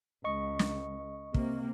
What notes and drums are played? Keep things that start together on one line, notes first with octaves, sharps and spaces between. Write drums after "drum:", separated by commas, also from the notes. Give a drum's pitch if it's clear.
C#2 D#5 C#6
drum: snare
C3 A#3, drum: kick